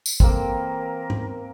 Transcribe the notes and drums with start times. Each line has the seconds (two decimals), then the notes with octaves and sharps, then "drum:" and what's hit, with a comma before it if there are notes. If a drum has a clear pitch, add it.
0.06 drum: tambourine
0.20 E3 A#3 C4 A#4, drum: kick
1.10 drum: tom G#2